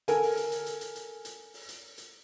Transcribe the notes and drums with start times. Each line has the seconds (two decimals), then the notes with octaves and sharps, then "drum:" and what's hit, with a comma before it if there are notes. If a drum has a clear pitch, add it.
0.08 A4 A#4 G#5, drum: hi-hat
0.23 drum: open hi-hat
0.37 drum: hi-hat
0.52 drum: hi-hat
0.66 drum: hi-hat
0.81 drum: hi-hat
0.96 drum: hi-hat
1.25 drum: hi-hat
1.54 drum: open hi-hat
1.69 drum: hi-hat
1.98 drum: hi-hat